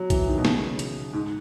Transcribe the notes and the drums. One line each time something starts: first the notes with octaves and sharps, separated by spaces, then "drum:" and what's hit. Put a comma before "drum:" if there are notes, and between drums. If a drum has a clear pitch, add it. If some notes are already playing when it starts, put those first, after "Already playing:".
Already playing: F#3
E3, drum: kick, hi-hat
D#3
B2
C#3, drum: snare
drum: hi-hat
G#2